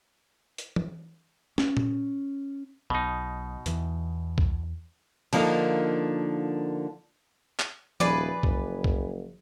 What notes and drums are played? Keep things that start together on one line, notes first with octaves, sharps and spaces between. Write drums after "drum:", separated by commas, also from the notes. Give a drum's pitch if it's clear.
drum: hi-hat
drum: tom
C#4, drum: snare
drum: tom A#2
B1 B2 D#4
E2 E3, drum: hi-hat
drum: kick
D3 F3 A#3 D#4 F5, drum: cymbal
drum: clap
D#1 F3 G#4 B4 D5
F#1, drum: kick
drum: kick